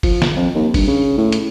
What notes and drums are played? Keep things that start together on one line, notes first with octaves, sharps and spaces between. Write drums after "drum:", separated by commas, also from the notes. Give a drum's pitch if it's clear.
F3, drum: kick G1, open hi-hat
drum: snare
F2
D#2
G2, drum: kick G1, open hi-hat
C#3
A2
drum: hi-hat